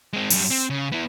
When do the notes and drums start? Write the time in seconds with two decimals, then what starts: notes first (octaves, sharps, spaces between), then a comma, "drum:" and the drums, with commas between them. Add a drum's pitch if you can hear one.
0.13 G#3 C4
0.30 F#2 G3, drum: open hi-hat
0.50 C4
0.70 C#3
0.92 B3 E4